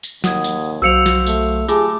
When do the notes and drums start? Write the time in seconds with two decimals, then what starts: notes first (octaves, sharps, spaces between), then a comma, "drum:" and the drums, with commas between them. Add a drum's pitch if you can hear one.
0.03 drum: tambourine
0.24 D#2 F#5 D#6 G#6, drum: snare
0.44 drum: tambourine
0.82 B1 F#3 F#4 C5 F5 E6 C#7 F7
1.06 drum: snare
1.26 A3, drum: tambourine
1.69 A3 F4 G4 G#4 A5 D6, drum: tambourine